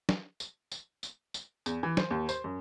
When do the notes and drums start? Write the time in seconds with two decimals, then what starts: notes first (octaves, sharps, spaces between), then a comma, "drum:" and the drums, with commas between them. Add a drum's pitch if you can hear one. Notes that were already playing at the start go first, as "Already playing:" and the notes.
0.09 drum: snare
0.40 drum: tambourine
0.72 drum: tambourine
1.03 drum: tambourine
1.34 drum: tambourine
1.66 E2, drum: tambourine
1.83 E3
1.97 C5, drum: snare
2.11 D#2
2.29 C5, drum: tambourine
2.44 F#2